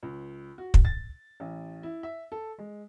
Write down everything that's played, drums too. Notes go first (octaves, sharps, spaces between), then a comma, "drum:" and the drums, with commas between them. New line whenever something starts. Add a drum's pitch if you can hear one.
C#2
F#4
drum: kick
A6
A1
E4
E5
A4
G#3